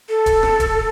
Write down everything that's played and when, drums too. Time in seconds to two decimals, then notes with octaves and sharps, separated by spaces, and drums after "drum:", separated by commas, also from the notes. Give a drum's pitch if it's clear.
0.09 A4
0.26 drum: kick, hi-hat
0.43 drum: rim click
0.60 drum: kick, hi-hat